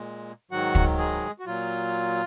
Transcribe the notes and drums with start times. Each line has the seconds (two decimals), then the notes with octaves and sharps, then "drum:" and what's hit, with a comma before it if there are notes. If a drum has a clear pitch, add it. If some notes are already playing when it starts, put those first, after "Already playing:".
Already playing: A#2 G#3
0.51 G#2 D#3 F#3 F#4 F#5
0.75 drum: kick
0.98 G#3 G#4
1.39 F#4
1.46 A#2 F#3 F4